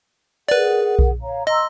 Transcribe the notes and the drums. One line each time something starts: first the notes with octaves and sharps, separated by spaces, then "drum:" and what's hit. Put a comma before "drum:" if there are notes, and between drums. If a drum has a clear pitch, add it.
G#4 A#4 B4 D5 F#5
drum: kick B1
C#5 F5 A#5
D#5 A#5 C6 E6